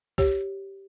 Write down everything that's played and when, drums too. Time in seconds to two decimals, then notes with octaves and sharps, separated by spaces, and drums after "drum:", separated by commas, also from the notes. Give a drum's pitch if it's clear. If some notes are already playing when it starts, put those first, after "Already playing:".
0.18 G4 C#5, drum: kick